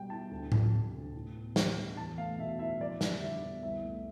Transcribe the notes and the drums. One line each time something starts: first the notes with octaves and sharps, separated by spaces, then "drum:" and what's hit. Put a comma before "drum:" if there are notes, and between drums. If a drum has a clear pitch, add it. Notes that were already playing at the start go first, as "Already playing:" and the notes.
Already playing: B2 G3 B3 G5
E4 A5
D2
F3, drum: tom A2
C3
D2
A2
B3
G3, drum: snare
D4
E2 A5
A3 F5
B2 E5
E4 E5
F2 D5
G3, drum: snare
D3 E5
B3
C2 E5
A3